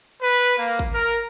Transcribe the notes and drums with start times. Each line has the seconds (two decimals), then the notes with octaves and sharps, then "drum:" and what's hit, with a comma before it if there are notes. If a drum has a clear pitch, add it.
0.22 B4
0.56 A#3
0.79 drum: kick
0.92 A#4